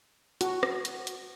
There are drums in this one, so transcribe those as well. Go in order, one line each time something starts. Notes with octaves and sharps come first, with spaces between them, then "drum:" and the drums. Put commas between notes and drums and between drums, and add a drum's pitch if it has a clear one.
F#4, drum: hi-hat
drum: rim click
drum: hi-hat
drum: hi-hat